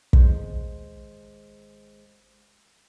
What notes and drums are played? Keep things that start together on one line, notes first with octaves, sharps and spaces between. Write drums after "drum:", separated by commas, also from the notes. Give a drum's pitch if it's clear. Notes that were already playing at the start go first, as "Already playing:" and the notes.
G#1 G#3 C5, drum: kick